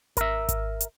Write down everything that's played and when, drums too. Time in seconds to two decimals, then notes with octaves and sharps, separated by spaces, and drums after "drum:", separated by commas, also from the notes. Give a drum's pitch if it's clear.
0.17 A#4 E5, drum: kick G#1, hi-hat
0.49 drum: kick G#1, hi-hat
0.80 drum: hi-hat